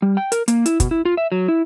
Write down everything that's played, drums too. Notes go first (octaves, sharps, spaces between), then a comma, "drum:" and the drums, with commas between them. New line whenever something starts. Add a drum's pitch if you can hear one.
G3
G5
A#4, drum: hi-hat
A#3, drum: hi-hat
E4, drum: hi-hat
B2, drum: kick, hi-hat
E4
F4
E5
F#3
E4